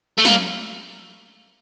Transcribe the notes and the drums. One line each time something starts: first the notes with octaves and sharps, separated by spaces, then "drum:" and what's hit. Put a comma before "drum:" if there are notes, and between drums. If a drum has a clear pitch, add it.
A3
A#3, drum: snare